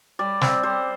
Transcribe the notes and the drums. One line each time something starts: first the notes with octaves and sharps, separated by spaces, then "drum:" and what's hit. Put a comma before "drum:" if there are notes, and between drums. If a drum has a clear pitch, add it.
G3 D5
C4, drum: snare
G3 C5